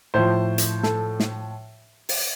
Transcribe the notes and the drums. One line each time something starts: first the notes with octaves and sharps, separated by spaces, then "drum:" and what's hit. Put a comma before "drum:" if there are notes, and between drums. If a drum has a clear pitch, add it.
A2 F3 C5
drum: hi-hat
A4, drum: snare
drum: snare
drum: open hi-hat